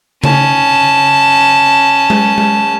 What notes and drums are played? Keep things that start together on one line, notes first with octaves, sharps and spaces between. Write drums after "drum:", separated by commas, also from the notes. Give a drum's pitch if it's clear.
C#4 A5, drum: tom C#3
drum: tom G#3
drum: tom G#3